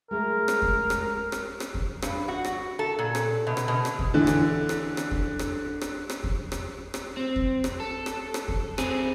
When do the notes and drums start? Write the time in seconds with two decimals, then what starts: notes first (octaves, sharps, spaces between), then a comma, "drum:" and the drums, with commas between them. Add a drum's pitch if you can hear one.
0.11 G#3 A3 A#4
0.48 drum: rim click
0.62 drum: kick E2
0.90 drum: rim click
1.32 drum: rim click
1.60 drum: rim click
1.74 drum: kick E2
2.02 G2, drum: rim click
2.28 F#4
2.45 drum: rim click
2.79 A4
2.99 A#2
3.15 drum: rim click
3.47 B2
3.57 drum: rim click
3.68 B2
3.85 drum: rim click
3.99 drum: kick E2
4.14 D3 E3
4.27 drum: rim click
4.69 drum: rim click
4.97 drum: rim click
5.11 drum: kick E2
5.39 drum: rim click
5.81 drum: rim click
6.10 drum: rim click
6.24 drum: kick E2
6.52 drum: rim click
6.94 drum: rim click
7.17 C4
7.36 drum: kick E2
7.64 drum: rim click
7.80 A4
8.06 drum: rim click
8.34 drum: rim click
8.48 drum: kick E2
8.78 C4 G#4, drum: rim click